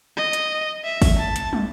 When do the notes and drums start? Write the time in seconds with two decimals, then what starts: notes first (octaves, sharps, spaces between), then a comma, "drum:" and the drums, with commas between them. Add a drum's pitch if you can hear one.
0.17 D#5
0.33 drum: hi-hat
0.84 E5
1.02 drum: kick G#1, open hi-hat
1.19 A5
1.36 drum: hi-hat
1.53 drum: tom